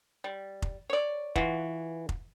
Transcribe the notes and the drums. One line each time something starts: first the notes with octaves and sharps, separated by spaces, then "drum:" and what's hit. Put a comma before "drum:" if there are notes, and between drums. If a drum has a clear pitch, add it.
G3
drum: kick F1
C#5 D5
E3 F4 F#4, drum: kick F1
drum: kick F1